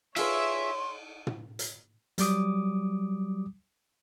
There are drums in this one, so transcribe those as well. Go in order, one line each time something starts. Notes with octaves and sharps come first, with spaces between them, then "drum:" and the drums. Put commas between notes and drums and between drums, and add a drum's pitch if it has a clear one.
F4 G#4 B4 C#5 E5 C6, drum: cymbal
drum: tom
drum: hi-hat
F#3 G3 D6 D#6, drum: hi-hat